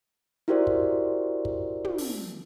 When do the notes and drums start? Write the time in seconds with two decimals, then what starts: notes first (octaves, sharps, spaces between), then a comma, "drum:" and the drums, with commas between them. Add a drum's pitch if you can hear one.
0.48 E4 F#4 G4 A#4 C5 D5
0.67 drum: kick
1.45 drum: kick
1.85 drum: tom
1.98 drum: open hi-hat